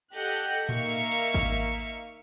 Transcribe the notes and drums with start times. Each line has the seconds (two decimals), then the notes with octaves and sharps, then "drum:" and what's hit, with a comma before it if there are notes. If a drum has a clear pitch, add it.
0.13 G4 A4 D#5 F#5 F#6 G6, drum: open hi-hat
0.69 A#3 D#4 E5 F5 C#6, drum: tom A2
1.11 drum: hi-hat
1.34 drum: kick G#1